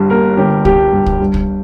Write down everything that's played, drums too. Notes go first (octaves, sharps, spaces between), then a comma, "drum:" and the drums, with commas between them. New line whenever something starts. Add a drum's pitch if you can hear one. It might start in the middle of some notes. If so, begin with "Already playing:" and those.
Already playing: G1 G2 G3
A#3 A#4
G1 G4
G3 G4, drum: kick
G2
drum: kick
G2
drum: kick